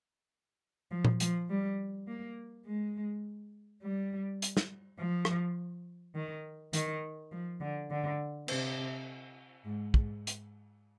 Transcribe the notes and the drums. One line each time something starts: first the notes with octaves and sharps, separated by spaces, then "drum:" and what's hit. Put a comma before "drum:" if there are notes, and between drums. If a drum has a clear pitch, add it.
F3
drum: tom A#2
F3, drum: hi-hat
G3
A#3
G#3
G3
drum: hi-hat
drum: snare
F3
drum: rim click
D#3
D#3, drum: hi-hat
F3
D3
D3
C3, drum: cymbal
G#2
G#2, drum: kick
drum: hi-hat